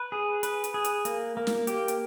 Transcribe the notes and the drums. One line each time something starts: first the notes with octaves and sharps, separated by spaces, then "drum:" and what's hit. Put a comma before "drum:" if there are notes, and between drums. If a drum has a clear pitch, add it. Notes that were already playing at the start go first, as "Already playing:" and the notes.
Already playing: B4
G#4
B4, drum: hi-hat
drum: hi-hat
G#4
drum: hi-hat
A#3, drum: hi-hat
A#3
drum: snare
G4, drum: hi-hat
drum: hi-hat